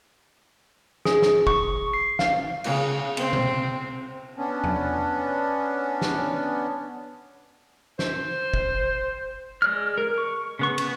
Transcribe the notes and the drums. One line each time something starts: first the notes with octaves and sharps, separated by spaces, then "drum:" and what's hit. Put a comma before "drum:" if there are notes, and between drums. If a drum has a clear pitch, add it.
G#4, drum: snare
drum: snare
C#6, drum: kick
C7
F5, drum: snare
C#3, drum: cymbal
C4, drum: cymbal
drum: tom B2
B3 C#4 D4
drum: tom E2
drum: snare
C5, drum: snare
drum: kick
G#3 D5 F6
A#4
C#6
C#3 B3 C#6
B3, drum: cymbal